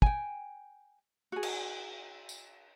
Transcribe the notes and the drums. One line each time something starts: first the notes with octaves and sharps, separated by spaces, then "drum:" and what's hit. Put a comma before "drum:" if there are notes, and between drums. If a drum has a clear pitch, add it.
G5 G#5, drum: kick
F#4 G#4
drum: cymbal
drum: tambourine